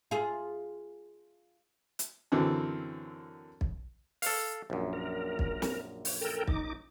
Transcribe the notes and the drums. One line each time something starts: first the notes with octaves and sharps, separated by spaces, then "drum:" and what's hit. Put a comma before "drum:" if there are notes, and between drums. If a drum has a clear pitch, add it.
F4 G#4
drum: hi-hat
F#2 D3 E3 C4
drum: kick
A4 F5, drum: open hi-hat
A#1 F#2
A#4
drum: kick
drum: snare
drum: open hi-hat
A4 A#4 G5
D#4 D6, drum: kick